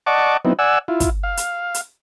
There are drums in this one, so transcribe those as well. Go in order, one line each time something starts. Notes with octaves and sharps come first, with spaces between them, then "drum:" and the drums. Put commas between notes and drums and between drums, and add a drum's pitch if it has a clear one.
D5 D#5 F#5 A5 C#6 D6
F#3 B3 C4 D#4 E4
D5 F#5 G#5 E6
E4 F4
drum: kick, hi-hat
F5
drum: hi-hat
drum: hi-hat